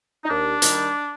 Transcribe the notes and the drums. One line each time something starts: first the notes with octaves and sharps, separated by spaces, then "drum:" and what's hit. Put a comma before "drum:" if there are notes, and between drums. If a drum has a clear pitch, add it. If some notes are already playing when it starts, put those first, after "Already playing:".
D#4
D#2 D4
D#3 G3, drum: hi-hat